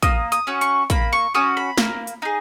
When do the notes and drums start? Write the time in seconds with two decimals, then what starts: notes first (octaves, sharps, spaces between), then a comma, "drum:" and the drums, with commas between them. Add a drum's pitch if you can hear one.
0.03 A#3 D#6, drum: kick, hi-hat
0.32 D#6, drum: hi-hat
0.47 C#4 F#4
0.61 C#6, drum: hi-hat
0.90 A#3 B5, drum: kick, hi-hat
1.13 C#6
1.34 C#4 F#4 D#6
1.57 B5
1.78 A#3, drum: snare
2.07 drum: hi-hat
2.22 D#4 G#4